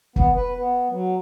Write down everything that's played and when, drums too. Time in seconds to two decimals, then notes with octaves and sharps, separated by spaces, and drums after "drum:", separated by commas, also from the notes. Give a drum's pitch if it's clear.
0.16 B3, drum: kick
0.36 B4
0.59 B3
0.91 F#3